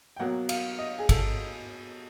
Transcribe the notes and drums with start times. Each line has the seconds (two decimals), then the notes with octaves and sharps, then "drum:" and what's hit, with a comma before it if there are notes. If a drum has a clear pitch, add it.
0.16 G5
0.20 B2 F#3 A#3 F#5
0.49 F5, drum: cymbal
0.79 D#5
0.99 G#4
1.09 A4, drum: kick G#1, cymbal